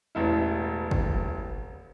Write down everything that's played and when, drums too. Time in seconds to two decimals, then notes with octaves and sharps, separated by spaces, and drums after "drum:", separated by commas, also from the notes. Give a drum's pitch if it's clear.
0.15 E1 A1 E4
0.91 drum: kick